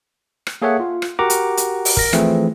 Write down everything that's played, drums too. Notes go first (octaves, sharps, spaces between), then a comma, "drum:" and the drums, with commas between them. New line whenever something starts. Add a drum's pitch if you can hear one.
drum: rim click
A#3 G#4 A4 C#5 E5 F#5
F4
drum: rim click
F#4 G4 A#4 F#5 A#5 D6
drum: hi-hat
drum: hi-hat
drum: open hi-hat
A#4 A#6, drum: kick
E3 F3 A3 C4 E4 G#4, drum: rim click